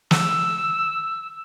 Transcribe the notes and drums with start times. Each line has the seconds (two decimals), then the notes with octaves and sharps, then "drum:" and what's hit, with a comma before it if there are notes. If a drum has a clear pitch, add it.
0.11 E6, drum: snare